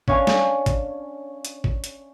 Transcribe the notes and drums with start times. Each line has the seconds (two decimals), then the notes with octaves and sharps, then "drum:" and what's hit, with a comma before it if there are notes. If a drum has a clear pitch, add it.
0.08 C#4 D4 C#5 F5 G#5 A5, drum: kick G1
0.27 drum: snare
0.66 drum: kick G1, hi-hat
1.45 drum: hi-hat
1.64 drum: kick G1
1.84 drum: hi-hat